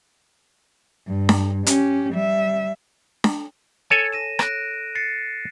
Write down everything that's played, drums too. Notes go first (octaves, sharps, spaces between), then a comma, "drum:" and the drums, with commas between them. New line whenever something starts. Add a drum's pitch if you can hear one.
G2
drum: snare D4
C#4 G4, drum: hi-hat
G3 E5
drum: snare D4
A4 C#5 G#5
A#6 D#7 E7
F#6 A#6 D7, drum: rim click
A6 C7 C#7